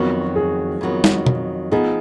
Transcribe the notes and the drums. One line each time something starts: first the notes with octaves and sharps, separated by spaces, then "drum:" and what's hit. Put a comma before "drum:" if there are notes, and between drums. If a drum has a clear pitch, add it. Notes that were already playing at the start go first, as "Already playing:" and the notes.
Already playing: F2 D#3 F#3 B3 F#4
G#4
F2 D#3 F#3 B3
drum: snare
drum: tom B2
F3 B3 D#4 G#4